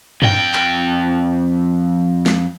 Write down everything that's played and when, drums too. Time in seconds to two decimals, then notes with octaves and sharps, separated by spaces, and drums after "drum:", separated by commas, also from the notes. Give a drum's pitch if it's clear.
0.22 F2 G5, drum: tom G2
0.53 drum: clap
2.26 drum: snare